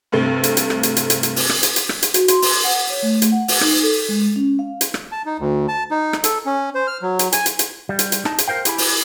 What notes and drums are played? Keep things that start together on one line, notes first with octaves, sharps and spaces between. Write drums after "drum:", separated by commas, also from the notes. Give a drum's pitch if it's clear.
G2 C3 A3
drum: hi-hat
drum: hi-hat
drum: rim click
drum: hi-hat
drum: hi-hat
drum: hi-hat
drum: hi-hat
drum: open hi-hat
drum: rim click
drum: hi-hat
drum: hi-hat
drum: rim click
drum: hi-hat
F#4, drum: hi-hat
C6, drum: hi-hat
drum: open hi-hat
F#5
C#5
A3
drum: hi-hat
F#5
drum: open hi-hat
D#4, drum: rim click
A4
G#3
C#4
F5
drum: hi-hat
drum: rim click
A5
D#4
D2
A5
D#4
drum: rim click
A4, drum: hi-hat
C#4
C5
F6
F#3
drum: hi-hat
G#5, drum: hi-hat
drum: hi-hat
drum: hi-hat
G3
drum: hi-hat
drum: hi-hat
D#4 A5, drum: rim click
drum: hi-hat
A#4 C5 F5 G5
E4 G4 G#5 B5, drum: hi-hat
drum: open hi-hat